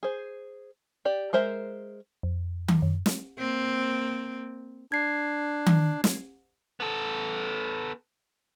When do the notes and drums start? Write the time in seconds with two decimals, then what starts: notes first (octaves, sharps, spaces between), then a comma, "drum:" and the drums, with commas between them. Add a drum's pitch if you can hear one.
0.03 G#4 C5
1.05 G4 D5
1.33 G#3 A#4 C5 E5 A#5
2.23 F2
2.68 drum: tom D#3
2.82 F#2
3.06 drum: snare
3.39 A#3 C4
4.92 D4 G#6 C7
5.66 drum: tom D#3
6.04 drum: snare
6.80 B3 A4